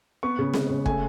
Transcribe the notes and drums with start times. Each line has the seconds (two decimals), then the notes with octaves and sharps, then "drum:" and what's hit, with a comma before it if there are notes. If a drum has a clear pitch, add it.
0.23 B3 C#6
0.39 C#3
0.54 G#3, drum: snare C4
0.70 C#3
0.86 A3 G#5, drum: kick